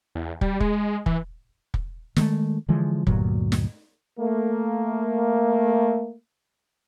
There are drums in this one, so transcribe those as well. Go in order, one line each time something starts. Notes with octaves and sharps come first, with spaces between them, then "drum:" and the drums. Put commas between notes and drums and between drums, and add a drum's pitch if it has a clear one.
E2
G3, drum: kick
G#3, drum: kick
E3, drum: kick
drum: kick
D#3 G#3 A3, drum: snare
D3 E3 F3 G#3
D2 G2 A#2 F#3, drum: kick
drum: snare
A3 A#3